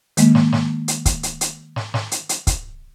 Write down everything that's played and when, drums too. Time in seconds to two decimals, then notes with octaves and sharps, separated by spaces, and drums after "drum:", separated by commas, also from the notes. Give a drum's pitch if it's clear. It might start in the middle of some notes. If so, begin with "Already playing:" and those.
0.17 D#3 G#3 A#3, drum: hi-hat
0.35 drum: snare
0.53 drum: snare
0.88 drum: hi-hat
1.06 drum: kick, hi-hat
1.23 drum: hi-hat
1.41 drum: hi-hat
1.76 drum: snare
1.94 drum: snare
2.12 drum: hi-hat
2.29 drum: hi-hat
2.47 drum: kick, hi-hat